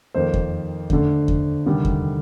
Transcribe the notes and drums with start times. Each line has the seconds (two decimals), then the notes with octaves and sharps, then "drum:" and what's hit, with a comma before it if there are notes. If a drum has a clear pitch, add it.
0.14 F2 D#3 A#3 C5
0.34 drum: kick E2
0.90 D2 D3 A3, drum: kick E2
1.28 drum: kick E2
1.66 D2 C3 D#3 G3
1.85 drum: kick E2